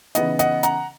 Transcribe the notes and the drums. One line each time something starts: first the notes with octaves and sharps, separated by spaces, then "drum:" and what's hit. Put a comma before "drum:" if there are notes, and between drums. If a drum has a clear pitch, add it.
C#3 E3 B3 D#4 D#5 F#5, drum: hi-hat
D#5 F#5, drum: hi-hat
F#5 A#5, drum: hi-hat